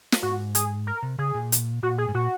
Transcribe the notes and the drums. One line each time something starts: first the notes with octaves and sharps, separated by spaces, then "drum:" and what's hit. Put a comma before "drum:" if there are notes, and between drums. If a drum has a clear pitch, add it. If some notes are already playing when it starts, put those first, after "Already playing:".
drum: snare
G#2 F#4
G#4, drum: hi-hat
A#4
C3
C#3 G#4
A#2
drum: hi-hat
A#2 F#4
G#4
G#2
A#2 F#4